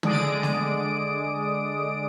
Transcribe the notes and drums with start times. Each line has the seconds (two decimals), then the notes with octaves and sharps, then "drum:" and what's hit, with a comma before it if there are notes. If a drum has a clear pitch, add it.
0.03 D3 G#3 D5 D#6 D7, drum: tom
0.43 drum: snare A3